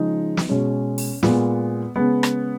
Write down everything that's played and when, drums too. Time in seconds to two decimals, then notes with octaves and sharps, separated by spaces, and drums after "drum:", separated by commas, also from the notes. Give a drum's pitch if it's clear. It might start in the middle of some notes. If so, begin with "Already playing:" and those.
Already playing: C#3 F3 G#3 D#4
0.37 drum: snare
0.49 B2 G#3 C#4
0.98 drum: open hi-hat
1.23 A#2 G#3 B3, drum: snare
1.96 C#3 G#3 B3
2.23 drum: rim click